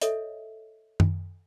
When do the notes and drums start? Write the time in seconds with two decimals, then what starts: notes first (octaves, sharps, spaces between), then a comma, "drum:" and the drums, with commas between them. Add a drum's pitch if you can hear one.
0.01 A4 C#5 D#5 E5, drum: hi-hat
1.00 drum: tom F#2